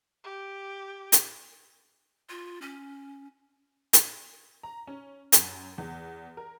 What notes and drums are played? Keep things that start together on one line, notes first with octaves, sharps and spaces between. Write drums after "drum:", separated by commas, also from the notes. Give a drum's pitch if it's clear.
G4
drum: hi-hat
F4
C#4
drum: hi-hat
A#5
C#4
F#2, drum: hi-hat
E2
A#4